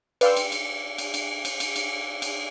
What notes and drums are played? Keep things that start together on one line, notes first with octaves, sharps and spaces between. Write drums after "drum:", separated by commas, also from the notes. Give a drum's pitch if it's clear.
B4 D5 F5 G5 C6 E6, drum: cymbal
drum: cymbal
drum: cymbal
drum: cymbal
drum: cymbal
drum: cymbal
drum: cymbal
drum: cymbal
drum: cymbal